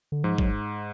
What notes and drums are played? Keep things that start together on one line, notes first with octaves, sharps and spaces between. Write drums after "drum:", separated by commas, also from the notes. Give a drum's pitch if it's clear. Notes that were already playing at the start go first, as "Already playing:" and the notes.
D3
G#2 F3
F#3, drum: kick G#1